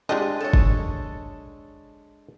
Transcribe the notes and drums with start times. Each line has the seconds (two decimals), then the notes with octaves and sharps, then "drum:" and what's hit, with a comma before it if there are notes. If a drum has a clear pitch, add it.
0.09 G#3 D4 F4 G4 D#5
0.40 A4 C#5
0.53 drum: kick